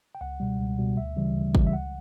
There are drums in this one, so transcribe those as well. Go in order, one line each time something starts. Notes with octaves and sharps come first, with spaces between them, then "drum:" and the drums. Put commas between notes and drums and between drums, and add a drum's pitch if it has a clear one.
G5
C#2 F#5
B2 G3
C#2
B2 G3
D2 E5
C#3 E3 G3
D2
C#3 E3 G3, drum: kick
E5
C#2 F#5